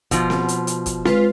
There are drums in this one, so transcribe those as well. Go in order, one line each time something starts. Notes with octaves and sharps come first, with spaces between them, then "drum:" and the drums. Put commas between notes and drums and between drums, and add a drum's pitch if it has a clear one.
B2 F3, drum: kick, hi-hat
drum: snare C4
drum: hi-hat
drum: hi-hat
drum: kick, hi-hat
G#3 F4 B4, drum: snare C4